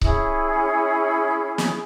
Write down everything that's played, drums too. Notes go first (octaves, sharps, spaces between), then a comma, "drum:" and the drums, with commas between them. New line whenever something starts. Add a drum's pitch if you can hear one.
C#4 E4 G#4, drum: kick C#1
drum: snare